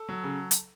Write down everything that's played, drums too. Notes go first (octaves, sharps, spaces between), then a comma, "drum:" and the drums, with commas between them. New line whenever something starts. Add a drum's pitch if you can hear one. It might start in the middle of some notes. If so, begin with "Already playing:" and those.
Already playing: A4
F#3
C#3
drum: hi-hat